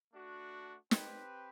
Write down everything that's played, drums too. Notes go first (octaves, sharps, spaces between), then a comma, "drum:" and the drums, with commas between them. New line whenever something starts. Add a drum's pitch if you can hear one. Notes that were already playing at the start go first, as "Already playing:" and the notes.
A3 D4 F#4
C4 G4 B4, drum: snare